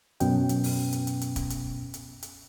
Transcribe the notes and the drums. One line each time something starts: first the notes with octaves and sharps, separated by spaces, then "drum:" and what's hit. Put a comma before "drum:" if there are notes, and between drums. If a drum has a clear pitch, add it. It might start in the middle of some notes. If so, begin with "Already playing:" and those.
F#2 B2 B3 C#4 G5, drum: hi-hat
drum: hi-hat
drum: open hi-hat
drum: hi-hat
drum: hi-hat
drum: hi-hat
drum: kick, hi-hat
drum: hi-hat
drum: hi-hat
drum: hi-hat